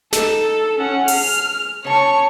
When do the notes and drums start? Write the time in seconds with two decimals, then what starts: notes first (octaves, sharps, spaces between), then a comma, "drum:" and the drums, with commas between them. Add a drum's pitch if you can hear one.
0.13 D#4 A4, drum: snare
0.79 C#4 F#5
1.08 G#4 F6, drum: open hi-hat
1.84 C#3 C#5 A5 C#6